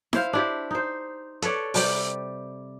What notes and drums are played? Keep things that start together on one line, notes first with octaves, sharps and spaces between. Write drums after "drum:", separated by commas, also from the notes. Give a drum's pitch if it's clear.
E4 C5 F5, drum: snare E4
D4 E4 G4
D#4 C5
A4 B4 C#5 D5, drum: hi-hat
C3 G3 G4, drum: open hi-hat